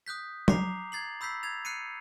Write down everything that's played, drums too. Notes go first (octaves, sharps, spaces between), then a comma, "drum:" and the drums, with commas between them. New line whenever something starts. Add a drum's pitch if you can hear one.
D#6 F#6 G6 B6
A#5 D6 C7 F7, drum: tom F#3
G#6 A6 C7 F#7
B5 E6 G6 B6 C7
G#6 A6 F7
F#6 C7 C#7 D#7